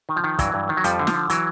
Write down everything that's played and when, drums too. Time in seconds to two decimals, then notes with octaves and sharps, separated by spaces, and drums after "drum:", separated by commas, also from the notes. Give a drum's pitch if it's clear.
0.09 D#3
0.16 F3
0.24 D#3
0.39 G2 E3 F#3, drum: kick, hi-hat
0.54 G2
0.69 D#3
0.77 F#3
0.84 F2 F3 G3, drum: hi-hat
0.99 D3
1.07 F3, drum: snare
1.14 D3
1.30 E3 F#3, drum: hi-hat